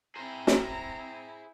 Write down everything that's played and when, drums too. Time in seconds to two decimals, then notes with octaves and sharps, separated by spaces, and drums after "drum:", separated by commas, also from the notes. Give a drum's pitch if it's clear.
0.16 C4 E4 G#4 C5 A#5
0.47 drum: snare